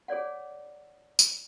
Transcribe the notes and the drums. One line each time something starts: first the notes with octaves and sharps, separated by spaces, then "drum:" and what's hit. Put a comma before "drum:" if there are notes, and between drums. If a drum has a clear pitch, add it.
G#4 C#5 D5 F#5
drum: tambourine